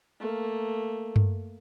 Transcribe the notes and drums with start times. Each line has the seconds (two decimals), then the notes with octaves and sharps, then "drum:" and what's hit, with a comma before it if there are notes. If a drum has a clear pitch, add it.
0.21 A3 A#3
1.16 drum: tom G2